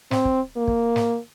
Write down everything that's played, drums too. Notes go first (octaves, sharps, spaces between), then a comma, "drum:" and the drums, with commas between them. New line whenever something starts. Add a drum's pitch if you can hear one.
C4, drum: snare
drum: kick
A#3
drum: kick
drum: snare